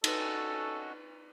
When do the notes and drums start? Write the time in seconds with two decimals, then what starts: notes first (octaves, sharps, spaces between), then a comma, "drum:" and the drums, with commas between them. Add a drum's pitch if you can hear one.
0.04 C#4 D#4 F#4 A4 B4 D#5, drum: cymbal